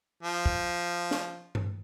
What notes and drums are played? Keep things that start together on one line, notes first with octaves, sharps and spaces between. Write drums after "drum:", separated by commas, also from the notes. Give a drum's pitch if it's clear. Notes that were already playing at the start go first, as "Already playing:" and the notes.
F3
drum: kick
drum: snare
drum: tom G2